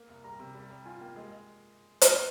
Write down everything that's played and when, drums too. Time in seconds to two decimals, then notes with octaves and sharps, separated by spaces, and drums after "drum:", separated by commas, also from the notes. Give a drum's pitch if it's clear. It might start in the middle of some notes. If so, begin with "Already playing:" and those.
Already playing: A#3
0.09 C2
0.24 G3 A#5
0.39 C3
0.55 G3
0.70 G3
0.85 F4 G#5
1.01 A#3 G5
1.16 G#3 D#5
1.32 D#5
2.01 drum: hi-hat